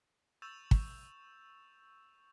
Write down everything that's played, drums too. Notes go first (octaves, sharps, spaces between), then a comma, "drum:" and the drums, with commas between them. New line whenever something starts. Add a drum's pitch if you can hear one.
C#6 E6 G6 A6 E7 F7
drum: kick